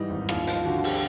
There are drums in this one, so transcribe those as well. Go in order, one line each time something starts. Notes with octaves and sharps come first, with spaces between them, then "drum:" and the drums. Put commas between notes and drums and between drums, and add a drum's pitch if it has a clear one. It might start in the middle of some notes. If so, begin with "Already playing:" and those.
Already playing: G#2 E3 G3 D#4
G#1
D#2 F4, drum: rim click
F3 F4, drum: hi-hat
D3 F#4
G4, drum: open hi-hat